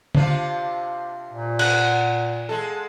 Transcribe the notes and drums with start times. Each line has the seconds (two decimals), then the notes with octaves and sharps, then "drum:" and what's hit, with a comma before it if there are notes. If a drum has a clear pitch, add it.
0.15 C3 D4 F4, drum: tom D3
1.32 A#2
1.59 F#5, drum: cymbal
2.49 G#3 A4